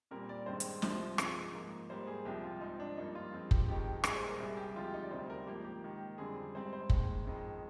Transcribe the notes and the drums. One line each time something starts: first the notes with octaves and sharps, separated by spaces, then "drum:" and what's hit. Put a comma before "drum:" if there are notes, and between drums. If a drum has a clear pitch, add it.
A#2 G3 C4 A#4
D5
G2 D#3 G#3 C4 C5
drum: hi-hat
C2 C3 F3 C4 C5, drum: snare
G2 F3 G#3 C4, drum: rim click
G#2 F3 A#3
G#2 G3 A#3 C5
G#4
C2 C3 F3 G4
F4
G#2 F3 C4 D#4
D4
G2 F3 A#3 D#4
F4
G2 F3 G#3 C4
G4, drum: kick
F2 D#3 G#3 G4
C2 A#2 G#3 G#4, drum: rim click
C5
A#4
C2 C3 G3 C4 G#4
G4
D2 C3 F3 G#3 F4
G4
D#4
D5
D2 C3 D#3 G3 C5
A#4
G#2 F3 A#3 G4
G4
G#2 D#3 A#3
F2 D3 G3 C4 G#4
G#2 G3 C4 C5
C5
D#2 D#3 G#3, drum: kick
F2 D#3 G#3